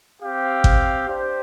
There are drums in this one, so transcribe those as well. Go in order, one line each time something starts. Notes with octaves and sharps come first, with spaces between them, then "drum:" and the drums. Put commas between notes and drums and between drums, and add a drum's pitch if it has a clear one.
C4 G4 F5
drum: kick G#1
D4 G4 C5